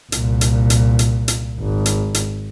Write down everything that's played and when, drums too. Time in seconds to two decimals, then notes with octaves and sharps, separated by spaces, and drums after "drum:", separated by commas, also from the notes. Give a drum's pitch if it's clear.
0.12 C2 A#2, drum: hi-hat
0.41 drum: hi-hat
0.70 drum: hi-hat
0.99 drum: hi-hat
1.28 drum: hi-hat
1.60 G#1
1.86 drum: hi-hat
2.14 drum: hi-hat